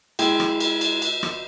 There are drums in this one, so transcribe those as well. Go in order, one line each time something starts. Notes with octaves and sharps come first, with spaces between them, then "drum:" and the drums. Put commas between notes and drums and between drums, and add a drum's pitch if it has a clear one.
G#3 E4 G5, drum: cymbal
drum: rim click
drum: cymbal
drum: cymbal
drum: cymbal
drum: rim click